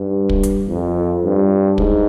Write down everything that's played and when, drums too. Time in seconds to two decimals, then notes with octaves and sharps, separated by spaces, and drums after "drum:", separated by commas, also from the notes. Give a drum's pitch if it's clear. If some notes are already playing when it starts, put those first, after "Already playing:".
Already playing: G2
0.29 drum: kick
0.43 drum: hi-hat
0.68 F2
1.23 G2
1.78 G#2, drum: kick